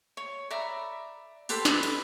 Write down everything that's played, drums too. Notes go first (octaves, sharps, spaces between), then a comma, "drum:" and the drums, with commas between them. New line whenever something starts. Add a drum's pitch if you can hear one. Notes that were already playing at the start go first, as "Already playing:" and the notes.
C#5
D5 E5 A#5 B5
G4 A4 B4 C5, drum: open hi-hat
drum: snare
drum: cymbal